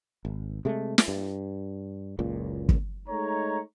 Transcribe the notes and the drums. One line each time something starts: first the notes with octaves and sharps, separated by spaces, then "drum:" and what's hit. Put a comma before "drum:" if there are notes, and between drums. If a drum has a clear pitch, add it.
G#1
C3 G#3 A3
drum: snare
G2
F#1 C#2 A#2
drum: kick
G#3 A3 D#4 C#5 A#5